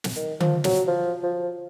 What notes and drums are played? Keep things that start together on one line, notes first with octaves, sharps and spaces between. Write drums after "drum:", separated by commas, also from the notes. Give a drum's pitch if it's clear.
drum: snare
D#3
F3, drum: tom D3
F#3, drum: snare
F3
F3